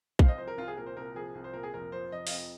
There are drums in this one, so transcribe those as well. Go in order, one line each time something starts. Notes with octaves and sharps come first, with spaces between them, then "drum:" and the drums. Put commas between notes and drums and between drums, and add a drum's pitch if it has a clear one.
C2 C5 F5, drum: kick
D#5
F3 C5
A#4
C2 F4
G#4
A#2 A#4
C5
C2 A#4
F3 G#4
C2
C5
A#2 A#4
G#4
F1 A#4
F3 C5
F1 D#5
F5, drum: open hi-hat
F2 D#5